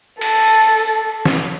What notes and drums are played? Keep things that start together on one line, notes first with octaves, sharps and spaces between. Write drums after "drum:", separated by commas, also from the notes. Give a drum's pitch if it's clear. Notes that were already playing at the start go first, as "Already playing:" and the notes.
A4, drum: cymbal
drum: snare